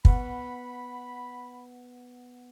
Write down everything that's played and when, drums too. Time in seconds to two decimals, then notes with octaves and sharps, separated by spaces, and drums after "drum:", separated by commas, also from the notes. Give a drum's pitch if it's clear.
0.05 B3 B4 F#5 B5, drum: kick